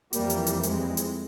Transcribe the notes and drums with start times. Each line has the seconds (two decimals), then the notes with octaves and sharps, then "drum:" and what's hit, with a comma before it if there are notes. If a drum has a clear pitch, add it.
0.13 F2 E3 G3 A#3, drum: hi-hat
0.30 drum: hi-hat
0.47 drum: hi-hat
0.63 G#3 C4, drum: hi-hat
0.97 drum: hi-hat